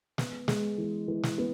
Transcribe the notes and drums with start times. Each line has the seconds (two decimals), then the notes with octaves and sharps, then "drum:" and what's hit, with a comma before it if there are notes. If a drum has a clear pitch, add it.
0.18 B3, drum: snare
0.48 G#3, drum: snare
0.78 E3
1.08 E3
1.23 drum: snare
1.38 B3